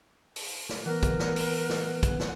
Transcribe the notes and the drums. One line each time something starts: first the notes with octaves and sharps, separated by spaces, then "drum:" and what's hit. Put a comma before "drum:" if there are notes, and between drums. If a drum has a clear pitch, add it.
drum: open hi-hat
drum: snare
E3 B3 A#4 B4
drum: kick, hi-hat
drum: snare
drum: open hi-hat
drum: snare
drum: kick, hi-hat
drum: snare